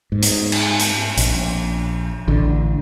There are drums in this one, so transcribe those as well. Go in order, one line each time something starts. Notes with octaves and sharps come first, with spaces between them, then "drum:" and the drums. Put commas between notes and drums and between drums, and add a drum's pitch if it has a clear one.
G#2
drum: hi-hat
drum: cymbal
drum: hi-hat
A#1, drum: hi-hat
A1 D3